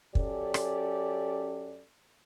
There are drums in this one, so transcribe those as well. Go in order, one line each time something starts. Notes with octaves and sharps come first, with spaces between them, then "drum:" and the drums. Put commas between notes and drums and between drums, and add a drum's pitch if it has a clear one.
F#2 C#4 G4 A4 D5, drum: kick
drum: rim click